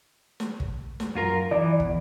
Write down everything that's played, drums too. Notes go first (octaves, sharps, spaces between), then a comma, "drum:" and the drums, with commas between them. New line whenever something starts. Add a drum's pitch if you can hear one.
drum: snare
drum: kick
drum: snare
F#2 F4 A#4
E3 D5
E2, drum: kick